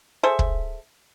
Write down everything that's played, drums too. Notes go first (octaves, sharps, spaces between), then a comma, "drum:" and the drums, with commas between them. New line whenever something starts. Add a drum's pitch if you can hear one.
G#4 A4 C5 E5
drum: kick